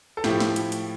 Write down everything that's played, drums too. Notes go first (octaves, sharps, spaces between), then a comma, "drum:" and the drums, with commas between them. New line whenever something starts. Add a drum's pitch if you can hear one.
A4
A2 F3 E4 G4, drum: snare
drum: snare
drum: hi-hat
drum: hi-hat